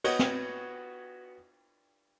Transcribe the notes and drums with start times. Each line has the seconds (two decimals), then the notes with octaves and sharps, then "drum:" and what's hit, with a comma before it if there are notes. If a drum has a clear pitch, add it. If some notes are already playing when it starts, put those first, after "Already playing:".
0.04 B3 F#4 C#5 D#5, drum: cymbal
0.19 drum: snare